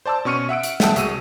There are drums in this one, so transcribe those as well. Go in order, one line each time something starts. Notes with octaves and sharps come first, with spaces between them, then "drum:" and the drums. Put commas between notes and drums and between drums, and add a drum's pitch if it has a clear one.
C5 D5 A5 D6 E6
B2 C#4 C#6 F6 C#7 D#7
E5 F#5 E6 D7
drum: hi-hat
E5 F#5 G5 A5 E6, drum: snare
C2 F#4 G#4 E6 D#7, drum: hi-hat